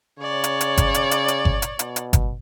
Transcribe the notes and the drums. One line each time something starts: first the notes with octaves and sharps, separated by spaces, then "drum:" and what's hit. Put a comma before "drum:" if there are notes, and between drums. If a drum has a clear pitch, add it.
C#3 C#5 D5
drum: hi-hat
drum: hi-hat
drum: kick G1, hi-hat
drum: hi-hat
drum: hi-hat
drum: hi-hat
drum: kick G1
drum: hi-hat
B2, drum: hi-hat
drum: hi-hat
drum: kick G1, hi-hat